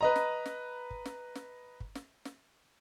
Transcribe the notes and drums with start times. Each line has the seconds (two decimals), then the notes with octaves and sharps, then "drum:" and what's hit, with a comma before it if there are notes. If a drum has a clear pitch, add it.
0.01 B4 D#5 A#5
0.16 drum: snare
0.46 drum: snare
0.91 drum: kick
1.06 drum: snare
1.35 drum: snare
1.80 drum: kick
1.95 drum: snare
2.25 drum: snare